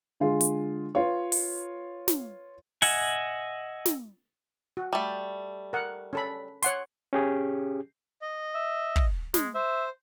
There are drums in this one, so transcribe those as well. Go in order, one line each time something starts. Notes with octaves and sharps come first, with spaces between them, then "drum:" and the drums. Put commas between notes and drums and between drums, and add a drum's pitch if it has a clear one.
D3 G#3 F4 G#4
drum: hi-hat
F4 B4 C#5
drum: open hi-hat
drum: snare
D#5 E5 F#5 G#5, drum: open hi-hat
drum: snare
F#4
G3 A3
A#4 F#5
C#4 A4 B5
C#5 F#5 C6, drum: hi-hat
C#4 G4 G#4
D#5
E5
drum: kick
G#3, drum: snare
C5 E5